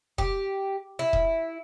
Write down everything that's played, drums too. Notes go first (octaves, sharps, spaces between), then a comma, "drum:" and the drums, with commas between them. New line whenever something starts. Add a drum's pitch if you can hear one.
G4, drum: kick E1
E4
drum: kick E1